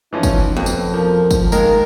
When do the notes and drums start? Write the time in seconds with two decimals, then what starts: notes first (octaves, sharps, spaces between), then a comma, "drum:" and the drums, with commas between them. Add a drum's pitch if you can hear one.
0.13 E3 F3 C#4 D#4
0.23 drum: kick, tambourine
0.57 F2 F#3 B3
0.66 drum: tambourine
0.94 F3 A#4
1.31 drum: kick, tambourine
1.52 D#3 G#3 A#3 A#4, drum: tambourine